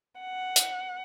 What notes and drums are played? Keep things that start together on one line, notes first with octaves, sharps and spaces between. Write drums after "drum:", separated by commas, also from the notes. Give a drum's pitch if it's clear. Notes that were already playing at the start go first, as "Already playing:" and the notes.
F#5
drum: hi-hat